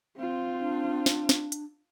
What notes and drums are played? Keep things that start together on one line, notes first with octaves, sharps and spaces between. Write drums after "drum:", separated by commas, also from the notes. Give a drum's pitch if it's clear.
C4 F4
D4
drum: snare
drum: snare
drum: hi-hat